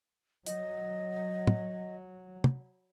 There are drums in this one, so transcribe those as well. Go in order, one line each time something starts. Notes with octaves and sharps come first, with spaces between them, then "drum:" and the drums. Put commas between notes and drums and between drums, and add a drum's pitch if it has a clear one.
F#3 D#5, drum: hi-hat
drum: tom
drum: tom